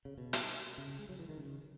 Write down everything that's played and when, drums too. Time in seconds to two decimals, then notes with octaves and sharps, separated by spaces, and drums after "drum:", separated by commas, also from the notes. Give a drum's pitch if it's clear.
0.05 C#3
0.18 B2
0.33 drum: hi-hat
0.78 C#3
0.99 G#3
1.09 F#3
1.19 E3
1.29 D#3
1.38 C#3